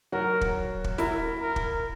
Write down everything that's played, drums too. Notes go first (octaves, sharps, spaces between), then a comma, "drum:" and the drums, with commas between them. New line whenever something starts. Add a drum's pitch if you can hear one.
F#3 F#4 A#4
drum: kick
drum: kick
E4 A#4, drum: snare
A#4
drum: kick